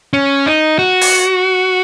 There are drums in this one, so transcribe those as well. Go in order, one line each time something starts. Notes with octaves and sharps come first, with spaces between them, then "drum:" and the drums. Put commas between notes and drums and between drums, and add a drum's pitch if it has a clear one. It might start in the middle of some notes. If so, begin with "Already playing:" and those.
C#4
D#4
F#4
drum: open hi-hat